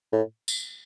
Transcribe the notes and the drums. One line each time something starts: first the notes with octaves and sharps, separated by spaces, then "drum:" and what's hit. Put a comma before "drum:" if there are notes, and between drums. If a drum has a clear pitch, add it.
A2
drum: tambourine